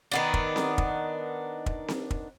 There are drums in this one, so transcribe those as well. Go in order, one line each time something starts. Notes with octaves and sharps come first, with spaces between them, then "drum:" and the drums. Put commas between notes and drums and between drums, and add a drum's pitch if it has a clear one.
D#3 B3 D4
drum: kick
drum: snare C4
drum: kick
drum: kick
drum: snare C4
drum: kick